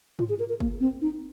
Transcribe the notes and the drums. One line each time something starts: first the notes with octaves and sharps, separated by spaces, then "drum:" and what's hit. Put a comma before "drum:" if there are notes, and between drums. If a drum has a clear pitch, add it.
F4, drum: tom G#2
G#4
A#4
A#4
A#3, drum: kick
C4
D#4